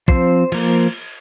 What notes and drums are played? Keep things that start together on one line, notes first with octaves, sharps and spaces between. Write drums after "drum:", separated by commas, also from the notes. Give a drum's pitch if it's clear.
F3 C4 C5, drum: kick
F3 A#3, drum: cymbal